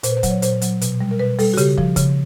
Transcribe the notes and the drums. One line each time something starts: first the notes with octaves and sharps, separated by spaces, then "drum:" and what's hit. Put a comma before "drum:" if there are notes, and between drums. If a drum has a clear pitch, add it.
A#2 C5, drum: hi-hat
B4
C5
F#3, drum: kick, hi-hat
C#5
A#2 C5, drum: hi-hat
F#3, drum: hi-hat
B2, drum: hi-hat
G3
A#4
B2 B4
G3 A4, drum: open hi-hat
F#4
C#3 G4, drum: hi-hat
F3, drum: kick
C#3, drum: kick, hi-hat